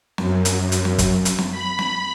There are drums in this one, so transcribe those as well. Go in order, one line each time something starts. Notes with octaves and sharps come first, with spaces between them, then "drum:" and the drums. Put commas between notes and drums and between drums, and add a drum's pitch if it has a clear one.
F#2, drum: snare
drum: hi-hat
drum: hi-hat
drum: snare
drum: kick, hi-hat
drum: hi-hat
drum: snare
B5
drum: snare